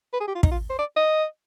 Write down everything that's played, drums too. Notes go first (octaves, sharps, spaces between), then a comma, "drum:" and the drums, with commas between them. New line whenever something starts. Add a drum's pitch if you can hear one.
B4
G#4
G4
F4
D#4, drum: kick
F4
C5
D5
D#5